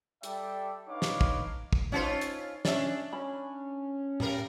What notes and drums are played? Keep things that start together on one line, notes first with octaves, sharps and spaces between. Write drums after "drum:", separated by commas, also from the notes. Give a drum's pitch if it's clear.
G3 A4 D5 E5 G5, drum: hi-hat
D4 D#4 B4 C#5 F5 D6
drum: snare
drum: kick
drum: kick
C#4 D#4 F4 A4 C5
drum: hi-hat
C#4 D4 D5 E5, drum: snare
C#4 B5
G3 A3 A#4, drum: tom